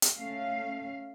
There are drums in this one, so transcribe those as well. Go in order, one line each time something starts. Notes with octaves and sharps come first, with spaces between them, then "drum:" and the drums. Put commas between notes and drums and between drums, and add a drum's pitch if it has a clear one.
drum: hi-hat
A3 C#4 F5